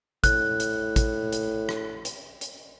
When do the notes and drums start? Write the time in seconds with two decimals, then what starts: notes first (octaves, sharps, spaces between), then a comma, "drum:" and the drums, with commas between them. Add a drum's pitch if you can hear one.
0.24 A2 F#6, drum: kick, hi-hat
0.60 drum: hi-hat
0.96 drum: kick, hi-hat
1.32 drum: hi-hat
1.69 drum: rim click
2.05 drum: hi-hat
2.41 drum: hi-hat